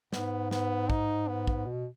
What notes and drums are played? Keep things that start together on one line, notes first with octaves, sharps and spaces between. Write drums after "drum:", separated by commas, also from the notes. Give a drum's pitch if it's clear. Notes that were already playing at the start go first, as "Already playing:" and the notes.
G#2 B3, drum: snare
B3, drum: snare
D#4, drum: kick
B3
drum: kick
B2